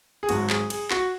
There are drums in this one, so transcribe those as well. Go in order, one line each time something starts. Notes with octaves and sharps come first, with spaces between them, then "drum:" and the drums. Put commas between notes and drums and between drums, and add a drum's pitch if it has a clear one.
G#4
G#1 G#2 F#3 F#4, drum: cymbal
G#4, drum: clap
G#4, drum: cymbal
F#4, drum: clap